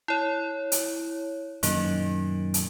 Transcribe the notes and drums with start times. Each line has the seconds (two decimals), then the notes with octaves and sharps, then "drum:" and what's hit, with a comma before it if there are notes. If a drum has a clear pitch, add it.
0.08 E4 C#5
0.72 drum: hi-hat
1.63 F#2 A#2 D#3 A#3, drum: hi-hat
2.54 drum: hi-hat